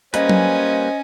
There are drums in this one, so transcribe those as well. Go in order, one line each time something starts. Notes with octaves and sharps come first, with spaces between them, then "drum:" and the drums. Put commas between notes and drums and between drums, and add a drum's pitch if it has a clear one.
G3 A#3 C#4 B4 C5 D#5 G#5, drum: hi-hat
drum: tom F#3